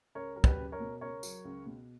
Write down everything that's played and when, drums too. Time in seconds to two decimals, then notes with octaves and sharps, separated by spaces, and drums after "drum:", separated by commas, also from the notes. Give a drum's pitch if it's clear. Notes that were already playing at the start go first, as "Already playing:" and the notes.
0.15 C#2 A#4 C#5
0.36 F#3 A#4
0.44 G4 B4, drum: kick
0.58 C#2
0.72 A#4 C#5
0.80 B2
1.01 C#2 A#4 C#5
1.23 F#3, drum: tambourine
1.45 C#2
1.66 B2